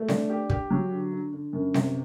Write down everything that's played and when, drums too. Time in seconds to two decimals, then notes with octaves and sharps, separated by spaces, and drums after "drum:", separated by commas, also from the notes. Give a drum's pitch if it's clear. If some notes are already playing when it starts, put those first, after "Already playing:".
Already playing: A3
0.08 D4, drum: snare C4
0.30 G4
0.50 G4, drum: kick
0.70 F#3
0.91 D3
1.11 D3
1.33 D3
1.53 F#2
1.74 C3, drum: snare C4